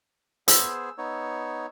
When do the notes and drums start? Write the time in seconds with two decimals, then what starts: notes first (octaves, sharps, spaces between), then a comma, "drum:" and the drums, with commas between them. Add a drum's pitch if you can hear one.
0.48 B3 G#4 C5 E6, drum: hi-hat
0.98 B3 D#4 C#5